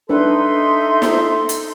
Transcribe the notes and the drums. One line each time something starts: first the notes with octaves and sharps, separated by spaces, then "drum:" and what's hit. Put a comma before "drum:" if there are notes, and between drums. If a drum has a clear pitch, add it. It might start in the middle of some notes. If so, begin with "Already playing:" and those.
D4 D#4 A4 B4 E5 C6
drum: snare
drum: hi-hat